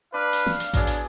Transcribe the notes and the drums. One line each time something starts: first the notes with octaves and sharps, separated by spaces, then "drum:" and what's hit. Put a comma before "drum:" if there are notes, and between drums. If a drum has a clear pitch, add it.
D4 B4 F5
drum: hi-hat
drum: snare
drum: hi-hat
F#3 B3 D4 G#4, drum: kick A1, hi-hat
drum: hi-hat